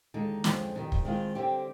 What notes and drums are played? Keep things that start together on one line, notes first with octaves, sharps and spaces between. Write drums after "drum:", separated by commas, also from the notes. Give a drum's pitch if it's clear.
D#2 D3 G#3 D#4
F2 D3 F3 G#3 C4, drum: snare
F2 D#3 G3
drum: kick
D#3 G#3 C4 F4
D3 G3 C4 G4